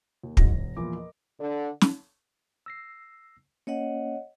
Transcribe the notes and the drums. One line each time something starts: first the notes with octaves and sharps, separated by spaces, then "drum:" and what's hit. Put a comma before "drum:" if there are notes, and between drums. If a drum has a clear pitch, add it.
D#2
A1 G#2 F#3 A#6, drum: kick
E1
E2 A#2 E3 F3 A#3 D6
A#4 D#5
D3
drum: snare
E6 A#6 C7
A#3 C#4 C#5 D#5 F#5